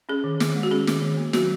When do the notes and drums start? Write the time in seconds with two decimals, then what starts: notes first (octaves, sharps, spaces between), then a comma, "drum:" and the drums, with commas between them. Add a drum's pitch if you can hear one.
0.09 C#4 G#4
0.24 D#3
0.40 D#3, drum: snare
0.56 G#3
0.63 F#4
0.71 C#4 G#4
0.87 D#3, drum: snare
1.02 D#3
1.17 A#3
1.33 F#3 F#4, drum: snare